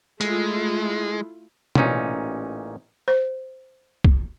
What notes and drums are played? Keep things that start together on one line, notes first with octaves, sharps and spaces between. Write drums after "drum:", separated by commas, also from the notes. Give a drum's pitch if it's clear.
G#3 A3 E4 F4, drum: hi-hat
A1 A#2 C#4 D#4, drum: tom
C5
drum: kick